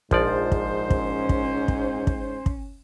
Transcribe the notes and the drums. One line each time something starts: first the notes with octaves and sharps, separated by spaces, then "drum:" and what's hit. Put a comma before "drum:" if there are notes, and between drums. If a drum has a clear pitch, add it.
A#1 G#2 F3 C5 D5, drum: kick
drum: kick
C#4, drum: kick
drum: kick
drum: kick
drum: kick
drum: kick